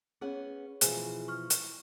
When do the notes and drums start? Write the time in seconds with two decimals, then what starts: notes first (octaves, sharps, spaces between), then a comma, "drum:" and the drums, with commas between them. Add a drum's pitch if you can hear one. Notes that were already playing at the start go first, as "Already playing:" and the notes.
0.21 B3 C#4 G#4 F#5
0.81 B2 E3 F3 G#4 C5 G#5, drum: hi-hat
1.28 C#6 F6
1.50 drum: hi-hat